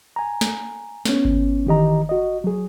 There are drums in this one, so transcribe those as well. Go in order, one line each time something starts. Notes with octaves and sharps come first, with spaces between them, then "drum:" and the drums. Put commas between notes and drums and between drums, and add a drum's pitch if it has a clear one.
G#5 A#5
drum: snare
B3 C#4, drum: snare
drum: kick G#1
D#3 E3 G4 D#5 A#5
F#4 D#5
F#3 G#4